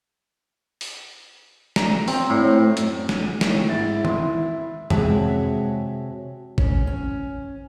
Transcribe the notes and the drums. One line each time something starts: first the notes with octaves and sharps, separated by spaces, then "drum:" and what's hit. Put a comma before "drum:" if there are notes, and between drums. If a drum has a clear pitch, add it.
drum: open hi-hat
A#5, drum: snare
C4, drum: open hi-hat
A2
F#2, drum: hi-hat
drum: snare
A2 D#3, drum: snare
G#2 E4 A6
E4 C6, drum: tom D#3
C3 G#3 F#4 C#5 E5 A5, drum: tom
C#4, drum: kick G#1
C#4